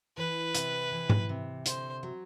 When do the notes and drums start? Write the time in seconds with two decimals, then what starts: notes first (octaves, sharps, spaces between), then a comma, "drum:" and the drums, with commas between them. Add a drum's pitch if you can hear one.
0.17 E3 B4
0.55 C3, drum: hi-hat
0.91 E3
1.09 drum: tom G#2
1.29 C3
1.66 D3 C5, drum: hi-hat
2.03 F#3